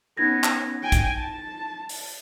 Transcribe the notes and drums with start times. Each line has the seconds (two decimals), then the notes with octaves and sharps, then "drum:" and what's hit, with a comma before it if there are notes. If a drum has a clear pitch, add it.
0.17 B3 C#4 D#4 G#6 A#6
0.44 drum: clap
0.82 G5 G#5
0.92 drum: kick, hi-hat
1.17 A5
1.89 drum: open hi-hat